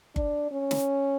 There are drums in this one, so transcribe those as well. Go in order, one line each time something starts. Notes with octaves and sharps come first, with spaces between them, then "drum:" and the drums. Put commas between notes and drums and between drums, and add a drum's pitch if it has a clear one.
D4, drum: kick G1
C#4
drum: snare